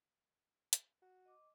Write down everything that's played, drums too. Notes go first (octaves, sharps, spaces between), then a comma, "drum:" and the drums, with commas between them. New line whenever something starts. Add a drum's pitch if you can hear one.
drum: hi-hat
F#4
D#5 D6